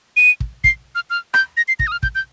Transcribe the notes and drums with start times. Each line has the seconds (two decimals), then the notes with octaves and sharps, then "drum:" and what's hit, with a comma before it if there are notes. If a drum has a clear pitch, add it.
0.17 D#7
0.40 drum: kick
0.64 C7, drum: kick
0.95 F6
1.10 F6
1.34 G6, drum: rim click
1.57 A#6
1.68 C7
1.79 A#6, drum: kick
1.87 D#6
1.92 F6
2.03 G6, drum: kick
2.15 G6